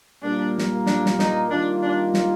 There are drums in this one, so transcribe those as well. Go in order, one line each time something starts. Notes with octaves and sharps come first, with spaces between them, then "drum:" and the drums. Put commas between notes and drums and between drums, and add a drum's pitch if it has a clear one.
A#2 G3 A#3 D4
drum: snare
D4, drum: snare
drum: snare
D#4, drum: snare
D#3 G3 A#3 D4 F4
D4
drum: snare